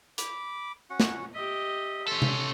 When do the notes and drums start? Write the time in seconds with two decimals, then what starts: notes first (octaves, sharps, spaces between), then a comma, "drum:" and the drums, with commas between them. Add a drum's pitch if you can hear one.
0.18 B5 D6, drum: hi-hat
0.90 C#4 F#4 F#5
1.00 drum: snare
1.34 G4 D#5 E5
2.08 C#4 A4 C6
2.22 drum: tom C3